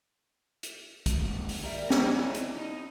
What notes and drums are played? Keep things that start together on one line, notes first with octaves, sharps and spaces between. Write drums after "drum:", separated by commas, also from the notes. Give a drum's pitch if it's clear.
drum: hi-hat
drum: kick, hi-hat
D#2 G#2
drum: open hi-hat
G3 A#4 E5
D#4 E4 D5 F#5 A#5, drum: snare
drum: hi-hat
D#4